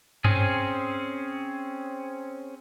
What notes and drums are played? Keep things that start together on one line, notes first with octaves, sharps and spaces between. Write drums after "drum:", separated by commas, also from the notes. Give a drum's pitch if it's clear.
C4 C#4 G#4, drum: tom G2